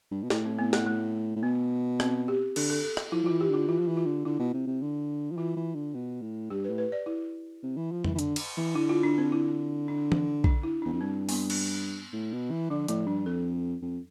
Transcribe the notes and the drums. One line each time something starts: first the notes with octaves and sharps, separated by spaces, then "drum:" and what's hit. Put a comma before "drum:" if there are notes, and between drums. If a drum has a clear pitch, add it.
G2
B2
A2 E4, drum: snare
C4
B3
A3, drum: snare
A3
A2
B2 B3
C4, drum: rim click
G4
D3 A4, drum: cymbal
A4
A4
drum: rim click
F3 E4
F3
E3 F4
G4
D3 F4
E3 F4
F3
E3
F4
D3
D3 E4
B2
C3
C3
D3
F3
E3 F4
E3
D3
B2
A2
G2 G4
B4
A2
B4
D5
E4
C3
E3
F3
E3, drum: tom F2
E3
D3, drum: hi-hat
drum: cymbal
E3
D3 E4
F4
D4
C4
E4
D4
drum: tom
D4, drum: kick A#1
E4
D4
E2
F2 D4
G2 C4
B3, drum: open hi-hat
drum: cymbal
A2
B2
E3
D3 F3
A2 F3, drum: hi-hat
G2 D4
F2 A4
F2